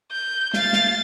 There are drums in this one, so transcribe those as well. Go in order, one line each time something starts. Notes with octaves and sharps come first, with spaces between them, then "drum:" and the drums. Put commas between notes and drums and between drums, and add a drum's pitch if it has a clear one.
G6
F5 A6, drum: snare
drum: snare